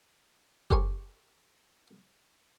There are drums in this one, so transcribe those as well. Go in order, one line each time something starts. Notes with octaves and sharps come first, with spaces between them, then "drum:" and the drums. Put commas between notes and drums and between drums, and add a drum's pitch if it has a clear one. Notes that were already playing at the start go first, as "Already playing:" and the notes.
G4 A4 A#4 C5 C#5 G#5, drum: kick F#1